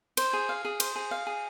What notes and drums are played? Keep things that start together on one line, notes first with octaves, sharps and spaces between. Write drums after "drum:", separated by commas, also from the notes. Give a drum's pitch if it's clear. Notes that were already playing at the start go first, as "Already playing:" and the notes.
C5, drum: cymbal
G#4
F5
G#4
C5, drum: cymbal
G#4
F5
G#4